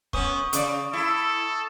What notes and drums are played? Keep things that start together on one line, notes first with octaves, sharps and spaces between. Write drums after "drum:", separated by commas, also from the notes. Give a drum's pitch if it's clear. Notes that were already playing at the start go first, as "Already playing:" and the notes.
F#2 B3 C#4 C#6 D#6, drum: kick C#1
C#3 D5, drum: hi-hat
E4 A4